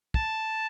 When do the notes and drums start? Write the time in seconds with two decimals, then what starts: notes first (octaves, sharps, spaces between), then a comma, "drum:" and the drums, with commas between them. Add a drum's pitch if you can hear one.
0.14 A5, drum: kick